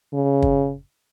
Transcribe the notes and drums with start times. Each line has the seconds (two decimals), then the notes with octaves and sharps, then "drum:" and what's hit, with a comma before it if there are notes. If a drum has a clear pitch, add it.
0.14 C#3
0.42 drum: kick